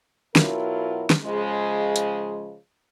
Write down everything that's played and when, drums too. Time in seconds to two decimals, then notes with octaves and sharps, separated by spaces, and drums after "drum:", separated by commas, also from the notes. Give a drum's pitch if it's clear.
0.36 B2 F#3 E4 F4 A#4, drum: snare
1.10 drum: snare
1.25 C#3 F3 G#3
1.96 drum: hi-hat